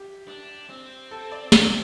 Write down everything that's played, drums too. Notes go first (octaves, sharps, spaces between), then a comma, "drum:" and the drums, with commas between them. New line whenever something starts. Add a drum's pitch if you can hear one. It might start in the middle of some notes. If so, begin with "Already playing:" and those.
Already playing: G4
D4
C4
A4
D5
D5, drum: snare